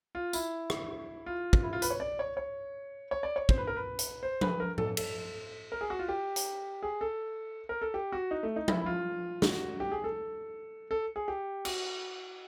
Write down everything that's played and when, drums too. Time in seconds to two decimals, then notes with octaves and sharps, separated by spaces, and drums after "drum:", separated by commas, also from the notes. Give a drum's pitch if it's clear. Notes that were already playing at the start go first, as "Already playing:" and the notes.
0.15 F4
0.33 E4, drum: tambourine
0.70 drum: rim click
1.26 F4
1.53 drum: kick
1.63 E4
1.73 F4
1.82 B4, drum: hi-hat
1.90 C#5
2.00 D5
2.19 C#5
2.37 C#5
3.11 C#5
3.23 D5
3.36 C#5
3.49 C5, drum: kick
3.58 B4
3.67 A#4
3.76 B4
3.99 drum: hi-hat
4.23 C5
4.41 B4, drum: tom F3
4.60 A#4
4.78 A4, drum: tom A2
4.97 A4, drum: cymbal
5.72 A#4
5.81 G#4
5.90 F#4
5.99 F4
6.09 G4
6.36 drum: hi-hat
6.83 G#4
7.01 A4
7.69 A#4
7.82 A4
7.94 G4
8.12 F#4
8.31 D#4
8.43 A3
8.56 D#4
8.68 E4, drum: tom F3
8.82 E4
8.86 F4
9.42 F#4, drum: snare
9.80 G4
9.92 G#4
10.04 A4
10.91 A4
11.16 G#4
11.28 G4
11.65 F#4, drum: cymbal